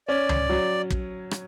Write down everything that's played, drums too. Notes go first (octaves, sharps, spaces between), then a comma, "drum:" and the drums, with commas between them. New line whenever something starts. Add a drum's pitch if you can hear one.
C#4 D5
drum: tom C#2
F#3
drum: kick
drum: rim click